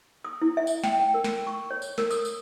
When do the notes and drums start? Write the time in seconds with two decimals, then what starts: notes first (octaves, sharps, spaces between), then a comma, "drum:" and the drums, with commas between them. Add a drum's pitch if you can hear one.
0.25 D#6
0.42 E4
0.57 E5
0.67 drum: tambourine
0.84 G5, drum: snare
0.99 G5
1.14 A#4
1.24 drum: snare
1.47 C#6
1.71 C#5
1.82 drum: tambourine
1.98 A#4, drum: snare
2.11 D#6, drum: tambourine
2.25 drum: tambourine